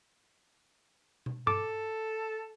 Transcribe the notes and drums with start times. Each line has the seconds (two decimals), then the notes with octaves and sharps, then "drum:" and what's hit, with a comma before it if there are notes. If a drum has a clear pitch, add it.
1.26 drum: tom
1.47 A4 D6, drum: tom G2